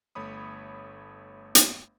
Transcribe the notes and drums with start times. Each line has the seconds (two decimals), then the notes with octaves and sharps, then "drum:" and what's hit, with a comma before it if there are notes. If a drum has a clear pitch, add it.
0.15 G1 A3 C#5 B5 D#6
1.55 drum: hi-hat